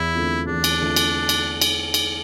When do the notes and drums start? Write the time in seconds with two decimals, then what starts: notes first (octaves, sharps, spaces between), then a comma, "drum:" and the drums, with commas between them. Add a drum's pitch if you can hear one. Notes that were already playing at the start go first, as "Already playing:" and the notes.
Already playing: E2 E4
0.15 D3 A3 C4 F4
0.47 E2 D4
0.64 drum: cymbal
0.80 D3 A3 C4 F4
0.96 drum: cymbal
1.29 drum: cymbal
1.61 drum: cymbal
1.94 drum: cymbal